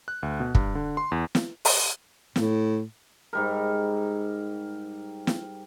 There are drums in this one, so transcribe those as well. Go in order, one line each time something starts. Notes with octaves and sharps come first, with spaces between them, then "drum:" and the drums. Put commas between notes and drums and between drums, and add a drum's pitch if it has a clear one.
F#6
D2
B2
G2, drum: kick
D3
C6
E2
drum: snare
drum: open hi-hat
A2, drum: snare
G#2 G3 A#4
drum: snare